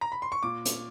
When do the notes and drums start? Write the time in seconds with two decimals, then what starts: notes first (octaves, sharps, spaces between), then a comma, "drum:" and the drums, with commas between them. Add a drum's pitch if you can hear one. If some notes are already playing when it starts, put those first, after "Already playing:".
0.01 A#5
0.12 B5
0.22 C6
0.32 C#6
0.43 A#2 D6
0.65 drum: hi-hat